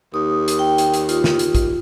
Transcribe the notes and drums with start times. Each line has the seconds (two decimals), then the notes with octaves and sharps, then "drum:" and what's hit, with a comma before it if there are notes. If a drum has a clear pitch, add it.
0.14 D#2 D#6
0.48 drum: hi-hat
0.59 G5
0.78 drum: hi-hat
0.94 drum: hi-hat
1.09 F4, drum: hi-hat
1.24 drum: snare
1.39 drum: hi-hat
1.55 drum: kick, hi-hat